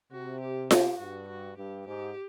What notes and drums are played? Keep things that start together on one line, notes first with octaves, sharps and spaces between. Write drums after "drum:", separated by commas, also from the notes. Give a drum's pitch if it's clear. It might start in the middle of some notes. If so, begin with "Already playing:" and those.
C3 F#4
G4
G4, drum: snare F4
G2 F#4
F#4
G2 G4
G#2 G4